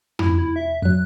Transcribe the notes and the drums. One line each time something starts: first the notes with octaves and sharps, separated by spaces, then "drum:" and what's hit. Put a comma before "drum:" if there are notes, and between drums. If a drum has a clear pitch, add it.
E4, drum: tom
E4
E5
F#2 F#3 F#6